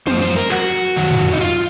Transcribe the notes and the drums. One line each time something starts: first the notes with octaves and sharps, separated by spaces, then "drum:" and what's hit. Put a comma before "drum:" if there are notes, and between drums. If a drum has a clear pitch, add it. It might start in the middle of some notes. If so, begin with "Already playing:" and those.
F#2 F3 C5, drum: tom
C5, drum: cymbal
A#4, drum: cymbal
F#4, drum: clap
drum: cymbal
drum: cymbal
F#2 D#3 F#3, drum: cymbal
drum: tom
D#4
F4, drum: cymbal